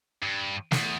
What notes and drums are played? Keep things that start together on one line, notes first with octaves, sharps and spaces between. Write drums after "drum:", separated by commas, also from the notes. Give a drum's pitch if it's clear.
G2
E2, drum: snare